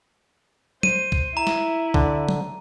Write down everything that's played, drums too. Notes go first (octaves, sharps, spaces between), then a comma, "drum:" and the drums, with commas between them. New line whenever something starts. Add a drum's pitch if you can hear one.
C5 D#7, drum: tom F#3
drum: kick B1
E4 A#5
drum: snare
D3, drum: kick B1
drum: tom F#3